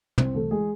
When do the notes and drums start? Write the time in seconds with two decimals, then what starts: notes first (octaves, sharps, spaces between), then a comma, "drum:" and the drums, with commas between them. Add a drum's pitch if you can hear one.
0.18 C2 C4 C5, drum: tom
0.35 E3 A3 A4
0.51 G#3 G#4